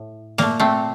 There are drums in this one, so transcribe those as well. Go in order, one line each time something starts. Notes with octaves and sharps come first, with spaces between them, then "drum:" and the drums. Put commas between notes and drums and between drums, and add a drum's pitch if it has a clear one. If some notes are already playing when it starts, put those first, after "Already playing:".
Already playing: A2
A#2 A3 A#3, drum: snare A3
A3 C4